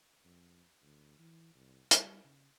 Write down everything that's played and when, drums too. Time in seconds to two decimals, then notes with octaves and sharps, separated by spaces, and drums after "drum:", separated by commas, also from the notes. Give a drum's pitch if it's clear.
0.25 F2
0.82 D2
1.19 E3
1.55 C2
1.91 G3, drum: hi-hat
2.24 C#3